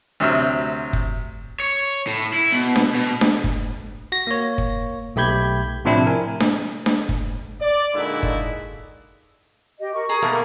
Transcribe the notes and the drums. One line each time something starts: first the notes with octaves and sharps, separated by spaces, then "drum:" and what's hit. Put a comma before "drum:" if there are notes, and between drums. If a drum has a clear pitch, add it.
D2 C3 F#3 E6 F6
drum: kick
C#5
A2
E4
B2
drum: snare D4
B2
drum: snare D4
drum: kick
F#4 A#6
A#3 C#5
drum: kick
B1 A3 G4 B5 G6 G#6
A2 C3 F3 C4 D4 E4
A#4 G#5
drum: snare D4
drum: snare D4
drum: kick
D5
A#2 D3 G#3 D#4 E4 F#4
drum: kick
G4 D#5
A#4 C#6
G#4 A#4 A#5 D#6
B2 A3 A#3 F5